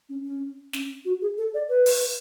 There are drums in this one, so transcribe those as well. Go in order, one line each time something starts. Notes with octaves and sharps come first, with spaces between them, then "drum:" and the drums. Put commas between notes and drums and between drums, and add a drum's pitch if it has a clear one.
C#4
C#4
C#4, drum: snare
F#4
G#4
A4
D5
B4
drum: open hi-hat